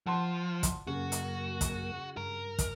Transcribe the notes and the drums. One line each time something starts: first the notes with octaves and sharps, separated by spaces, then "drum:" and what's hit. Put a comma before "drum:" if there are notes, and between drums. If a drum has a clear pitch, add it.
F3 F#5 A5 C6
drum: kick, hi-hat
F#2 C#3 A#3 F#4
drum: hi-hat
drum: kick, hi-hat
G2 A#4
drum: kick, hi-hat